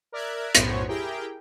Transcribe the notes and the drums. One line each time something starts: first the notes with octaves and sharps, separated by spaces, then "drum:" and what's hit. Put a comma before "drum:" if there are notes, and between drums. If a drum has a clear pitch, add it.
A#4 D5 E5 F#6 G#6
B1 F#2 A2 B3 C5 C#5, drum: hi-hat
E4 G4 G#4 A#4 G5